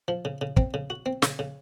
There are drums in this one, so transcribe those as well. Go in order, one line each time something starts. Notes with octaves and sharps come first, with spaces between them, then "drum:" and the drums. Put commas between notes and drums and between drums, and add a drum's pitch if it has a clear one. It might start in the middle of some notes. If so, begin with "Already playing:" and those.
F3
C#3
C#3
C4, drum: kick
C#3
F#4
C4
C#3, drum: snare
C#3